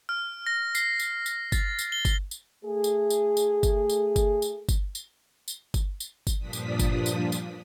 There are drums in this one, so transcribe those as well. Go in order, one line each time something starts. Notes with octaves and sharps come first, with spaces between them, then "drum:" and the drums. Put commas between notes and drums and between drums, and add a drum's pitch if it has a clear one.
F6
A#6
C7, drum: tambourine
drum: tambourine
drum: tambourine
A6, drum: kick G1, tambourine
drum: tambourine
G7
drum: kick G1, tambourine
drum: tambourine
A3 G#4
drum: tambourine
drum: tambourine
drum: tambourine
drum: kick G1, tambourine
drum: tambourine
drum: kick G1, tambourine
drum: tambourine
drum: kick G1, tambourine
drum: tambourine
drum: tambourine
drum: kick G1, tambourine
drum: tambourine
drum: kick G1, tambourine
G2 A#2 F3 D4 D#6 B6
drum: tambourine
drum: kick G1, tambourine
drum: tambourine
drum: tambourine